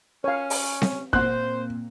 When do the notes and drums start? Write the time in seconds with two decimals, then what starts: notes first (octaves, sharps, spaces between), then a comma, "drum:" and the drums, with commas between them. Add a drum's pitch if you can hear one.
0.24 C#4 C#5 F5
0.50 drum: open hi-hat
0.82 drum: snare C4
1.13 A#2 A#3 C4 C5 F#6, drum: kick